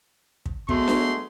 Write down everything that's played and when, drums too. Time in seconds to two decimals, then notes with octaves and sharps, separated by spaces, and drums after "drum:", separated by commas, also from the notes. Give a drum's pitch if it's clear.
0.46 drum: kick
0.69 F#3 G#3 A3 B3 C6, drum: kick
0.88 drum: snare D4